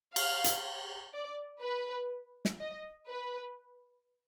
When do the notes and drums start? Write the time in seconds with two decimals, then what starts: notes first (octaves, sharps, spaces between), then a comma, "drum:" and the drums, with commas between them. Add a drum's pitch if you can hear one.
0.16 F5, drum: cymbal
0.44 drum: hi-hat
1.14 D5
1.63 B4
2.45 drum: snare
2.60 D#5
3.08 B4